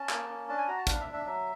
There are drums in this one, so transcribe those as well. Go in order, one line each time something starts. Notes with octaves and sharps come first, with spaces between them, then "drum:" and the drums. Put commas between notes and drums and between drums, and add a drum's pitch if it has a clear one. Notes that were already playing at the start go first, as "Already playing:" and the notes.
Already playing: C#4 A5
A#3, drum: clap
C#4
D4 A5
G#5
F#4 A#5
A5
D4 F5, drum: kick, hi-hat
E5
D4
E5
F#3 E5